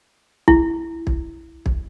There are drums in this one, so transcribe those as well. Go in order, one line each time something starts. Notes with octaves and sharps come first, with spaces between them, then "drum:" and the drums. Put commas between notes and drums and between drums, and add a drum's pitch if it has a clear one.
E4, drum: kick
drum: kick
drum: kick